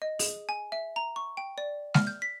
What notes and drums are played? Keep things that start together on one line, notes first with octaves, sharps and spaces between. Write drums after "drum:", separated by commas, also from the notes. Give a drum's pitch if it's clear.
D#5
G#4, drum: open hi-hat
G#5
E5
A#5
C#6
G5
D5
F6, drum: snare G#3
G6
B6